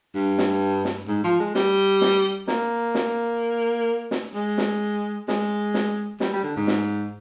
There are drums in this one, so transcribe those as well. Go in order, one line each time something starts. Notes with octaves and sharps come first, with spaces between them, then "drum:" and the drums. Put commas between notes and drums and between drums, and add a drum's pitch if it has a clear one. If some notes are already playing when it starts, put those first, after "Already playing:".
G2
drum: snare
drum: snare
G#2
F3
G#3
G3, drum: snare
drum: snare
A#3, drum: snare
drum: snare
drum: snare
G#3
drum: snare
G#3, drum: snare
drum: snare
G3, drum: snare
G3
D3
G#2
drum: snare